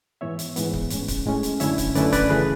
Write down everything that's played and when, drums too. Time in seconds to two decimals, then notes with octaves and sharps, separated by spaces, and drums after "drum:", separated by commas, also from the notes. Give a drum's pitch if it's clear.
0.21 G#2 E3 B3 C#5 E5
0.39 drum: hi-hat
0.56 G#2 E3 B3, drum: hi-hat
0.73 drum: kick C#1
0.90 A2 G#3 C#4, drum: hi-hat
1.08 drum: kick C#1, hi-hat
1.25 A2 G#3 C#4
1.43 drum: hi-hat
1.60 F#2 D3 A3 C#4 E4 C#5 E5, drum: hi-hat
1.78 drum: kick C#1, hi-hat
1.95 F#2 D3 A3 C#4 E4 B4 D5, drum: hi-hat
2.13 B4 D5, drum: kick C#1, hi-hat
2.30 C#3 E3 A3 G#4 B4